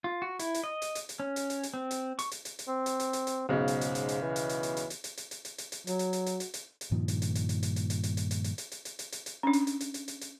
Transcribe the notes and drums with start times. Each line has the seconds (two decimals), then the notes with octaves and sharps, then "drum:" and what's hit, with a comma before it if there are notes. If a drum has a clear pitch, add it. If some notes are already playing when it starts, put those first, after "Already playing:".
0.04 F4
0.22 F#4
0.39 E4, drum: hi-hat
0.54 drum: hi-hat
0.64 D#5
0.82 drum: hi-hat
0.95 drum: hi-hat
1.09 drum: hi-hat
1.20 C#4
1.36 drum: hi-hat
1.50 drum: hi-hat
1.63 drum: hi-hat
1.74 C4
1.91 drum: hi-hat
2.19 C#6, drum: hi-hat
2.31 drum: hi-hat
2.45 drum: hi-hat
2.59 drum: hi-hat
2.68 C4
2.86 drum: hi-hat
3.00 drum: hi-hat
3.13 drum: hi-hat
3.27 drum: hi-hat
3.49 B1 G#2 C#3
3.68 drum: hi-hat
3.81 drum: hi-hat
3.95 drum: hi-hat
4.09 drum: hi-hat
4.22 E3
4.36 drum: hi-hat
4.49 drum: hi-hat
4.63 drum: hi-hat
4.77 drum: hi-hat
4.90 drum: hi-hat
5.04 drum: hi-hat
5.17 drum: hi-hat
5.31 drum: hi-hat
5.45 drum: hi-hat
5.58 drum: hi-hat
5.72 drum: hi-hat
5.87 F#3 F#4, drum: hi-hat
5.99 drum: hi-hat
6.13 drum: hi-hat
6.26 drum: hi-hat
6.40 drum: hi-hat
6.54 drum: hi-hat
6.81 drum: hi-hat
6.91 G2 A#2 D#3 F3
7.08 drum: hi-hat
7.22 drum: hi-hat
7.35 drum: hi-hat
7.49 drum: hi-hat
7.63 drum: hi-hat
7.76 drum: hi-hat
7.90 drum: hi-hat
8.03 drum: hi-hat
8.17 drum: hi-hat
8.31 drum: hi-hat
8.44 drum: hi-hat
8.58 drum: hi-hat
8.72 drum: hi-hat
8.85 drum: hi-hat
8.99 drum: hi-hat
9.12 drum: hi-hat
9.26 drum: hi-hat
9.43 C#4 D4
9.53 drum: hi-hat
9.67 drum: hi-hat
9.81 drum: hi-hat
9.94 drum: hi-hat
10.08 drum: hi-hat
10.21 drum: hi-hat